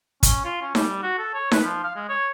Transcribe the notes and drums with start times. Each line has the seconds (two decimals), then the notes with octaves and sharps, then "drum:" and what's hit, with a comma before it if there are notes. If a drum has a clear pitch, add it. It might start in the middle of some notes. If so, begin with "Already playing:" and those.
0.23 C#4, drum: kick, hi-hat
0.45 F4
0.61 C#4
0.75 G3, drum: snare D#4
1.02 F#4
1.19 A4
1.34 C#5
1.51 B4, drum: snare D#4
1.63 F3
1.84 F5
1.96 G#3
2.09 C#5